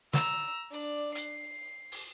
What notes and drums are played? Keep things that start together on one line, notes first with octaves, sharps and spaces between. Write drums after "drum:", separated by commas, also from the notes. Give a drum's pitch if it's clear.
A#5 E6, drum: snare
D4 D5
C7, drum: hi-hat
drum: open hi-hat